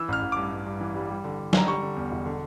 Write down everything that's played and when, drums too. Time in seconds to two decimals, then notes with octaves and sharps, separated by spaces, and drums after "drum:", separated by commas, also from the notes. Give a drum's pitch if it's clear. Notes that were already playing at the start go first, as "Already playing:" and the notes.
Already playing: E3 E6
0.08 A1 F6
0.22 A1
0.32 G2 D6
0.52 G2
0.66 G2
0.81 E3
0.95 G3
1.10 G3
1.24 D3
1.39 D3
1.53 D3 A#5, drum: snare
1.68 G3 C#6
1.82 D3
1.96 E2
2.12 E1
2.26 D3